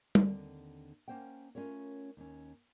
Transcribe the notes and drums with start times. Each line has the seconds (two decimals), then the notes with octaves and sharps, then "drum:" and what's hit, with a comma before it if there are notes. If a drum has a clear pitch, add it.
0.15 D#2 D3 C4, drum: tom
1.08 A#3 C#4 C5 F#5 G5
1.55 A3 C#4 F4 A#4 C#5
2.17 D#2 C#4